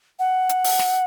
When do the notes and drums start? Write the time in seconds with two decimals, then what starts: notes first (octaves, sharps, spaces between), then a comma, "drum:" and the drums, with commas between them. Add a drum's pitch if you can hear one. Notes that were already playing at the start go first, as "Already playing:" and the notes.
0.19 F#5
0.49 drum: hi-hat
0.64 drum: open hi-hat
0.79 drum: snare